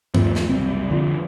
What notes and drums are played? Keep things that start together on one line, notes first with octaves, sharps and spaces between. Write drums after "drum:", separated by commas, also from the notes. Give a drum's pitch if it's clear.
D#2 F3 A3 C4, drum: tom G2
drum: snare
F#1 C2 C4
F2 D3 F3